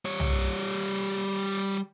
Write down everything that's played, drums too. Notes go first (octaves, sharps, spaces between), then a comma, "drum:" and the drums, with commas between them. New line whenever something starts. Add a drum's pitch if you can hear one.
G3 C#5
drum: tom